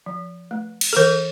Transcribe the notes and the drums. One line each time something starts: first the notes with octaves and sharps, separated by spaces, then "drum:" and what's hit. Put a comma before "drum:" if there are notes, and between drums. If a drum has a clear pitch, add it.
F3
A3
drum: cymbal
A4
E3 A#4